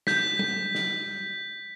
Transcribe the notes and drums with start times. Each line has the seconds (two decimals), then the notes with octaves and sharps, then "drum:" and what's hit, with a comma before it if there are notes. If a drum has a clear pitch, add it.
0.07 G6 B6, drum: snare
0.39 drum: tom F#3
0.75 drum: snare